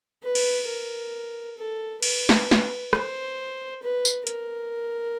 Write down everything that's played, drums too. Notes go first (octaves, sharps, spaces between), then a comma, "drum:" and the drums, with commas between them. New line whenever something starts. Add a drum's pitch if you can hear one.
B4
drum: cymbal
A#4
A4
B4, drum: cymbal
drum: snare
drum: snare
C5, drum: rim click
B4
drum: tambourine
A#4, drum: hi-hat